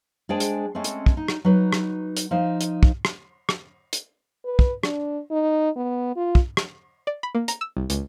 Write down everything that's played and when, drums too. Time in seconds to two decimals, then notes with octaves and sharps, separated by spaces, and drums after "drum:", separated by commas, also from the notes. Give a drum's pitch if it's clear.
0.29 G#3 D4 G#4 C5 G5 G#5
0.40 drum: hi-hat
0.75 G#3 A3 C4 C#4
0.84 drum: hi-hat
1.06 drum: kick
1.17 D#4
1.28 drum: rim click
1.45 F#3 D#4 B4
1.73 drum: rim click
2.17 drum: hi-hat
2.31 F3 D#4 C5
2.61 drum: hi-hat
2.83 drum: kick
3.05 drum: rim click
3.49 drum: rim click
3.93 drum: hi-hat
4.45 B4
4.59 drum: kick
4.83 D4, drum: rim click
5.31 D#4
5.76 B3
6.16 F4
6.35 drum: kick
6.57 drum: rim click
7.07 D5
7.23 B5
7.35 A#3
7.48 A#5, drum: hi-hat
7.61 E6
7.77 C2
7.90 C#2, drum: hi-hat